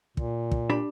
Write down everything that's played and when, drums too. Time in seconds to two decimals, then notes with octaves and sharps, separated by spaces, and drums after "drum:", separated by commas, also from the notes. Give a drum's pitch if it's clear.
0.17 A#2, drum: kick
0.51 drum: kick
0.70 D4 G4 B5